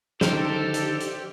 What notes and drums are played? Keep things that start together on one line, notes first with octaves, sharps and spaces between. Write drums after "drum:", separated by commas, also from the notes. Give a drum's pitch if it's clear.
D3 D#3 D#4 G4 A4 A#4 C5, drum: snare
drum: hi-hat
drum: hi-hat